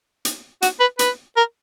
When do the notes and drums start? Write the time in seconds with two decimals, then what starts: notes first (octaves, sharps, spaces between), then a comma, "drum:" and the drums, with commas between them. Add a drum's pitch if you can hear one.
0.25 drum: hi-hat
0.62 F#4, drum: hi-hat
0.80 B4
0.99 B4, drum: hi-hat
1.37 A#4